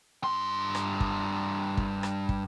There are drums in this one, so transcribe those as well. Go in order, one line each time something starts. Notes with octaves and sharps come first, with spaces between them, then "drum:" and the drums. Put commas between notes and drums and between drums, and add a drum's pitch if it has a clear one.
G2 C6
drum: rim click
drum: kick
drum: kick
drum: rim click
drum: kick